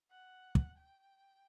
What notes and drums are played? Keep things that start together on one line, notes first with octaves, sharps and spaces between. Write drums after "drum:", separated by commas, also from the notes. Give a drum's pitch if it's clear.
F#5
drum: kick
G5